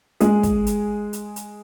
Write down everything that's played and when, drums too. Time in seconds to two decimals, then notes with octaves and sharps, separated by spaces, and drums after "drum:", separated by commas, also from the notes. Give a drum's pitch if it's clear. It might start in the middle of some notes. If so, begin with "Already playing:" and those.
0.20 G#3 G#4, drum: hi-hat
0.43 drum: kick, hi-hat
0.67 drum: hi-hat
1.13 drum: hi-hat
1.36 drum: hi-hat